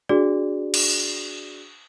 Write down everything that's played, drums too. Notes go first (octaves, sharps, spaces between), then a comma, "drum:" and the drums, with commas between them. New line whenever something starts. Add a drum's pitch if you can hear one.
D4 F#4 G#4 D5
drum: cymbal